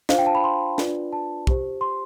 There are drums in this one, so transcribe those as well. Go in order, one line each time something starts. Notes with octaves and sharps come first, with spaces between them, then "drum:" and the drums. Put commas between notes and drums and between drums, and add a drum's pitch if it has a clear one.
D4 F4 C5 F5, drum: snare
G5
A5
B5
C6
D4 F4 B4 D5, drum: snare
A5
G4 C5, drum: kick
C6